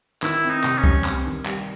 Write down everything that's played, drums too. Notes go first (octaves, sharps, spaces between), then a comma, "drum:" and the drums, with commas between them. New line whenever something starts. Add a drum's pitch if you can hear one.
D#3 E4, drum: clap
C4
D#4
C3, drum: clap
C#4
G3, drum: kick C2
C4, drum: clap
D#3
G3, drum: clap